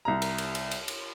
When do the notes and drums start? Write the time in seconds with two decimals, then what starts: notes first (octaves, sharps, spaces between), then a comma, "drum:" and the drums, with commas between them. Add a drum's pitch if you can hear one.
0.05 C2 A#5
0.22 drum: cymbal
0.38 drum: cymbal
0.55 drum: cymbal
0.71 drum: cymbal
0.88 drum: cymbal